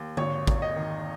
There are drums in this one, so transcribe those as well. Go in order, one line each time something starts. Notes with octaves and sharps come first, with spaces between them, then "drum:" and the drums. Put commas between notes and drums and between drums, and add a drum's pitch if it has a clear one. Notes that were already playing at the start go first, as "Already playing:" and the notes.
Already playing: D#2
G#1 C#5, drum: tom D3
G#1, drum: kick
D#5
D#3